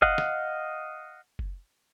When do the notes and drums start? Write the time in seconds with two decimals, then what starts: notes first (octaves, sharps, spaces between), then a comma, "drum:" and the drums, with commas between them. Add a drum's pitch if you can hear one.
0.02 D#5 F5 F#5, drum: kick F#1
0.18 drum: snare
1.39 drum: kick F#1